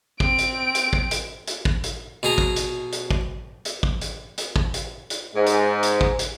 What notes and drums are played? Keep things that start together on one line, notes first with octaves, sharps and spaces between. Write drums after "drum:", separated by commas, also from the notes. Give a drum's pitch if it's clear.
C4 D7, drum: kick
drum: hi-hat
drum: hi-hat
drum: kick
drum: hi-hat
drum: hi-hat
drum: kick
drum: hi-hat
B2 G#4 A#5
drum: kick
drum: hi-hat
drum: hi-hat
drum: kick
drum: hi-hat
drum: kick
drum: hi-hat
drum: hi-hat
drum: kick
drum: hi-hat
drum: hi-hat
G#2
drum: hi-hat
drum: hi-hat
drum: kick
drum: hi-hat